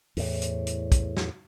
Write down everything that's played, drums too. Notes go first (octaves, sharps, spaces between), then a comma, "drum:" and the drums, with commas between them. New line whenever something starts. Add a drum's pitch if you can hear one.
E2 A2, drum: open hi-hat
drum: hi-hat
drum: hi-hat
drum: kick, hi-hat
drum: snare